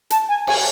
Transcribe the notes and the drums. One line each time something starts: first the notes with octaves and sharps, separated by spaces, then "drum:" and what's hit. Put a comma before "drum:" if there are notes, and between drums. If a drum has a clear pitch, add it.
A5, drum: hi-hat
G#5
G#5, drum: cymbal